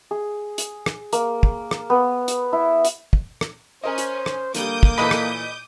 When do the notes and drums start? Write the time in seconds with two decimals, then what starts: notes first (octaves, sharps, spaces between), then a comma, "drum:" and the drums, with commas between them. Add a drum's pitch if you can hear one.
0.11 G#4
0.58 drum: hi-hat
0.86 drum: rim click
1.13 A#3, drum: hi-hat
1.43 drum: kick
1.71 drum: rim click
1.90 B3
2.28 drum: hi-hat
2.53 E4
2.85 drum: hi-hat
3.13 drum: kick
3.41 drum: rim click
3.84 C#4 A#4 C5 D#5
3.98 drum: hi-hat
4.26 drum: rim click
4.55 D3 G3 A#3 D6 D#6 G6, drum: hi-hat
4.83 drum: kick
4.98 A#2 E3 A4 B4 D#5 B5
5.11 drum: rim click